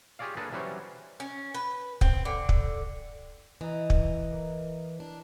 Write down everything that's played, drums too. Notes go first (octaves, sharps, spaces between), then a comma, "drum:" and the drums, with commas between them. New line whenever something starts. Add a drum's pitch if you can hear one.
F4 G4 G#4 C#5 D5 F5
A#3 D4 G#4 A4 B4
E3 F#3 G3 C#4 C5 C#5
C#4
B4
C4, drum: kick
D3
drum: kick
E3 D#5 A#5
drum: kick
A#3
D4